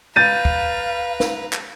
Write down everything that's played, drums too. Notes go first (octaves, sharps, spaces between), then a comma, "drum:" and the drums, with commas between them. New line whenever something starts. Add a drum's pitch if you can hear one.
B4 F5 A#5 G6 A6 D#7
drum: kick
drum: snare
drum: clap